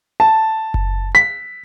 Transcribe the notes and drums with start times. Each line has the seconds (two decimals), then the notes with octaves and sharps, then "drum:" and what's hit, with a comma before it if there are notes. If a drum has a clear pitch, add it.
0.20 A5
0.74 drum: kick F#1
1.15 B6